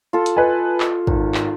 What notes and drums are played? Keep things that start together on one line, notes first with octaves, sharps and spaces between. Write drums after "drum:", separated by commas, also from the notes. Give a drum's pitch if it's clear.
F4 A4
drum: hi-hat
B4 D#5 G#5
drum: clap
G#1, drum: kick
drum: clap